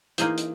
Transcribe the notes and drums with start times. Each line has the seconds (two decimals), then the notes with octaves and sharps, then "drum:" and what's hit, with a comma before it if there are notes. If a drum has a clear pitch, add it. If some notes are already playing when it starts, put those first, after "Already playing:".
0.18 E3 A#3 D#4 G#4 C5, drum: hi-hat
0.38 drum: hi-hat